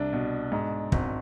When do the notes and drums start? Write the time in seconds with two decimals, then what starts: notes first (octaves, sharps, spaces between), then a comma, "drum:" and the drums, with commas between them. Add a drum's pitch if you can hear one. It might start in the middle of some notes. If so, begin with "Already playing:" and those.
Already playing: C2 D4
0.13 B2
0.52 G#2
0.92 G#1, drum: kick